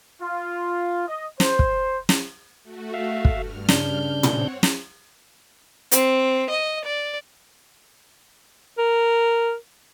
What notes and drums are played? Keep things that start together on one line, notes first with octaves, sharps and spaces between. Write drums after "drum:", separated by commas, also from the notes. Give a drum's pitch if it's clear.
F4
D#5
C5, drum: snare
drum: kick
drum: snare
A3 F#4
E5 F5
drum: kick
G2 F6
C#3 D4 G6, drum: snare
C4 C#5 F#5, drum: tom
drum: snare
C4, drum: hi-hat
D#5
D5
A#4